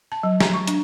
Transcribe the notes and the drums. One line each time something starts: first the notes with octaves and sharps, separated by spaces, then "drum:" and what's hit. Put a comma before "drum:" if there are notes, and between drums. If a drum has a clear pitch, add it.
A5
F#3
A#5, drum: snare
C#6
D4, drum: hi-hat